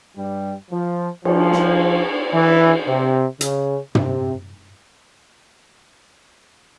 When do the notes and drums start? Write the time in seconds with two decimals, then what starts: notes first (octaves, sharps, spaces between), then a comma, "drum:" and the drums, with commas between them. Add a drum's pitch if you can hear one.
0.17 G2 G3
0.71 F3
1.25 F3, drum: cymbal
1.52 drum: snare
2.33 E3
2.87 C3
3.41 C#3, drum: hi-hat
3.95 C3, drum: tom